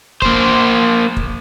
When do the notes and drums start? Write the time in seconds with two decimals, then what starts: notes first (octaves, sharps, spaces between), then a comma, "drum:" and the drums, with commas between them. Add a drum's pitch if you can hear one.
0.22 A#3 C5, drum: kick
1.17 drum: kick